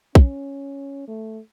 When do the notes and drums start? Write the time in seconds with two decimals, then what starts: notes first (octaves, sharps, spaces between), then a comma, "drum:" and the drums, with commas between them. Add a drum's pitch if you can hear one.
0.15 C#4, drum: kick
1.08 A3